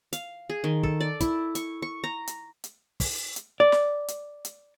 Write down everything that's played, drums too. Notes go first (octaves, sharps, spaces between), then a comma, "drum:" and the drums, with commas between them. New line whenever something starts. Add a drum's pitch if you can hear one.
F5, drum: hi-hat
G#4
D#3
A4, drum: kick
D5
E4, drum: kick, hi-hat
C#6, drum: hi-hat
C#6
A#5
drum: hi-hat
drum: hi-hat
drum: kick, open hi-hat
drum: hi-hat
D5
drum: snare
drum: hi-hat
drum: hi-hat